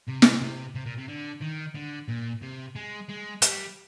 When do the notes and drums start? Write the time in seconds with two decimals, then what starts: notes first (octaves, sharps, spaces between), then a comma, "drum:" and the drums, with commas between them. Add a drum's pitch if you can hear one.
0.08 C3
0.22 drum: snare
0.42 C3
0.75 C3
0.86 A#2
0.98 C3
1.08 D3
1.41 D#3
1.75 D3
2.08 A#2
2.42 C3
2.76 G#3
3.09 G#3
3.42 G3, drum: hi-hat